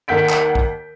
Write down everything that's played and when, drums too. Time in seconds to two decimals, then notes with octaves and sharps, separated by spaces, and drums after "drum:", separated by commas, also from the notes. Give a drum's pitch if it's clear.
0.08 D#2 A#3 F#5 G6 B6 D7
0.29 drum: clap
0.55 drum: kick